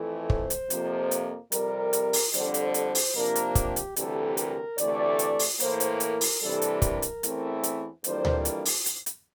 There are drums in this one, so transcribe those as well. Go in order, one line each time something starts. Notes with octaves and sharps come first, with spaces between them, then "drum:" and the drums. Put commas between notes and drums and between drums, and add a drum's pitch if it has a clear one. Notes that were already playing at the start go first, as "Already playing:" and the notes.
Already playing: F2 E3 A3
C5, drum: kick
drum: hi-hat
F2 C3 F3 A#3, drum: hi-hat
drum: hi-hat
F2 C3 G3 A#4, drum: hi-hat
drum: hi-hat
drum: open hi-hat
F2 D3 G3 D4 C5, drum: hi-hat
drum: hi-hat
C5, drum: hi-hat
drum: open hi-hat
C3 F3 A#3 D4 A#4
drum: hi-hat
G4, drum: kick, hi-hat
drum: hi-hat
D2 C3 E3 G3 A4, drum: hi-hat
A#4, drum: hi-hat
D2 C3 E3 A3 D5, drum: hi-hat
drum: hi-hat
drum: open hi-hat
A2 E3 A#3 C5, drum: hi-hat
drum: hi-hat
A#4, drum: hi-hat
drum: open hi-hat
C3 E3 G3 D4 A4
drum: hi-hat
A#4, drum: kick, hi-hat
drum: hi-hat
E2 E3 A3 C4, drum: hi-hat
drum: hi-hat
F2 E3 G3 A#3 D4 C5, drum: hi-hat
drum: tom D2
drum: hi-hat
drum: open hi-hat
drum: hi-hat
drum: hi-hat